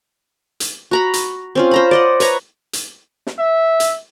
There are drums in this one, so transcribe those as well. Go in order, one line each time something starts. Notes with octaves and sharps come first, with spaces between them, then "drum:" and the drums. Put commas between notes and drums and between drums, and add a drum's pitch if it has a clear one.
drum: hi-hat
F#4 A#5 B5
drum: hi-hat
C4 C#4 F4
C5 A#5 B5
D5 D#5 F#5
B4 C#5 A#5 C#6, drum: hi-hat
drum: hi-hat
drum: snare
E5
drum: hi-hat